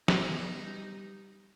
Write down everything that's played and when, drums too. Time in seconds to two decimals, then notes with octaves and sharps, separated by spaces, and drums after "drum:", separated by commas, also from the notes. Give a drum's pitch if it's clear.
0.08 B2 D#4, drum: snare
0.31 B3
0.54 G3